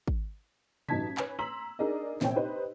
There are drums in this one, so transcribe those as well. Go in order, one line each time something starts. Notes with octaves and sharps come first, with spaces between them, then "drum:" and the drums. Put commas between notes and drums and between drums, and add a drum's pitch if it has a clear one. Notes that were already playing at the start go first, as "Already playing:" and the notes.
drum: kick G#1
A1 F#3 D#4 A5 G#6 B6, drum: tom B2
B4 C#5 G#5, drum: clap
A#5 C6 E6 B6 F#7
D4 D#4 G#4 A#4 D5 D#5
A#1 C3 C4 C#5 G5, drum: snare
D#4 G4 B4 C5 D#5